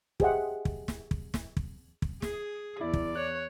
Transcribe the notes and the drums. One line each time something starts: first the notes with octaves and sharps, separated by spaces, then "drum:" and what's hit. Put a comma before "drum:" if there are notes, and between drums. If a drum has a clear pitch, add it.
G4 G#4 C5 D#5 E5 F#5, drum: kick
drum: kick
drum: snare
drum: kick
drum: snare
drum: kick
drum: kick
G#4, drum: snare
E2 E4 D5
drum: kick
C#5 F#6